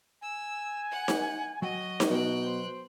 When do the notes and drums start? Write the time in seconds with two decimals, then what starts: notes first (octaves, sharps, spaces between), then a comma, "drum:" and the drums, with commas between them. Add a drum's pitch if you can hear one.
0.23 G#5 E6
0.91 F#5
1.08 drum: snare D#4
1.62 F#3 F#4 D#5 G5
2.00 drum: snare D#4
2.10 B2 F#3 G5 F#6
2.46 C5